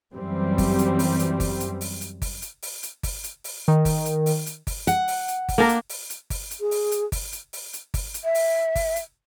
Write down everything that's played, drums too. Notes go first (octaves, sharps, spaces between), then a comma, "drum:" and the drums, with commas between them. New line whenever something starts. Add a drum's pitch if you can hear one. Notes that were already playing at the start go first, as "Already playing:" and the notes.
F#2 E3 G3 C4
drum: kick G1, open hi-hat
drum: hi-hat
drum: open hi-hat
drum: hi-hat
drum: kick G1, open hi-hat
drum: hi-hat
drum: open hi-hat
drum: hi-hat
drum: kick G1, open hi-hat
drum: hi-hat
drum: open hi-hat
drum: hi-hat
drum: kick G1, open hi-hat
drum: hi-hat
drum: open hi-hat
D#3
drum: kick G1, open hi-hat
drum: hi-hat
drum: open hi-hat
drum: hi-hat
drum: kick G1, open hi-hat
F#5, drum: hi-hat
drum: open hi-hat
drum: hi-hat
drum: kick G1, open hi-hat
A#3 D4 A#4
drum: hi-hat
drum: open hi-hat
drum: hi-hat
drum: kick G1, open hi-hat
drum: hi-hat
G#4
drum: open hi-hat
drum: hi-hat
drum: kick G1, open hi-hat
drum: hi-hat
drum: open hi-hat
drum: hi-hat
drum: kick G1, open hi-hat
drum: hi-hat
E5
drum: open hi-hat
drum: kick G1, open hi-hat
drum: hi-hat